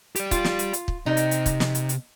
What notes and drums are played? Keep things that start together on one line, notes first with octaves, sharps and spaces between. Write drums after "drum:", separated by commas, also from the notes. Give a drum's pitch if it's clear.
G4 D5, drum: hi-hat
F4, drum: kick, hi-hat
drum: snare
drum: hi-hat
drum: hi-hat
drum: kick
C3 D#4
drum: hi-hat
drum: hi-hat
drum: kick, hi-hat
drum: snare
drum: hi-hat
drum: hi-hat